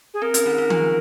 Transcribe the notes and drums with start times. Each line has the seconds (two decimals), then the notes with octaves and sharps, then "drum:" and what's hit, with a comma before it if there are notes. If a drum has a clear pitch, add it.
0.13 G#4
0.22 C4 A#4
0.34 C#4, drum: hi-hat
0.46 D#3 D#4
0.58 D#3 D#4
0.70 F3 F4, drum: tom D#3